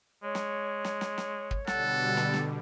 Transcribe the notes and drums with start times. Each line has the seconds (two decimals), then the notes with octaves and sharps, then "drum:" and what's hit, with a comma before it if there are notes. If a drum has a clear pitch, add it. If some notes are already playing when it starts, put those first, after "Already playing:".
0.23 G#3 C#5
0.35 drum: snare
0.85 drum: snare
1.01 drum: snare
1.18 drum: snare
1.51 drum: kick
1.67 B2 D3 G3 A4 F#5, drum: snare
2.17 drum: snare
2.34 drum: snare